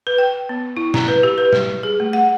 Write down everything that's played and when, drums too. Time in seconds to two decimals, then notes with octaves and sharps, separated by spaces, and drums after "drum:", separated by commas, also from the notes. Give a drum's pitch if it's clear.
0.07 B4
0.18 G5
0.49 B3
0.77 E4
0.94 A#5, drum: snare
1.08 B4
1.23 G4
1.38 B4
1.53 G3, drum: snare
1.83 G#4
2.00 A3
2.13 F#5